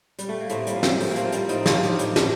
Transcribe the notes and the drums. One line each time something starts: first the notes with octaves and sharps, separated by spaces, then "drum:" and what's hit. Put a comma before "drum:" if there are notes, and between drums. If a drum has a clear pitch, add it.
G3, drum: hi-hat
A3
A#3
A2 A3 C4, drum: hi-hat
G3 A#3, drum: hi-hat
F3
G3, drum: snare
A2 A3, drum: open hi-hat
A#3
A3 C4, drum: hi-hat
F3
G3 A#3, drum: hi-hat
A2 C4 D#4, drum: hi-hat
D4 F4, drum: snare
F3
D#4 G4, drum: hi-hat
A2, drum: hi-hat
drum: snare